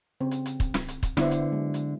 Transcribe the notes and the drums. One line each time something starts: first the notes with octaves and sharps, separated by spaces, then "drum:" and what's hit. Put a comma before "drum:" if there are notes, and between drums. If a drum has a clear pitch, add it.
C#3 C4
drum: hi-hat
drum: hi-hat
drum: kick, hi-hat
drum: snare
drum: hi-hat
drum: kick, hi-hat
D3 B3 E4 C5, drum: snare
drum: hi-hat
F#3 G#3
drum: hi-hat